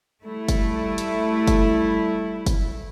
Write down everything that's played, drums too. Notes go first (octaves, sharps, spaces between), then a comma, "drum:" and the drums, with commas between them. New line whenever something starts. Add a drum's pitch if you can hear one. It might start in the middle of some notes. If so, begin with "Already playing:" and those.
G3 A3 E4
drum: kick F#1, hi-hat
drum: hi-hat
drum: kick F#1, hi-hat
drum: kick F#1, hi-hat